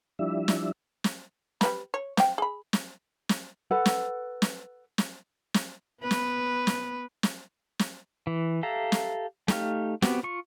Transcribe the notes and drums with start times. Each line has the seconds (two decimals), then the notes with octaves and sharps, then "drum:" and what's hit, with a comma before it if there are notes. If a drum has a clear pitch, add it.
0.19 F3 G3 D4 E4 E5
0.48 drum: snare
1.04 drum: snare
1.61 G3 B4 B5, drum: snare
1.94 C#5
2.17 C5 F5 G5, drum: snare
2.38 G#4 B5
2.73 drum: snare
3.29 drum: snare
3.71 A4 B4 F#5
3.86 drum: snare
4.42 drum: snare
4.98 drum: snare
5.54 drum: snare
6.01 B3 B4
6.11 drum: snare
6.67 drum: snare
7.23 drum: snare
7.79 drum: snare
8.27 E3
8.63 G4 A4 E5 F5 A#5
8.92 drum: snare
9.48 A3 D#4 G4 F5, drum: snare
10.02 B3 C4 F#4 G4, drum: snare
10.23 F4 C#6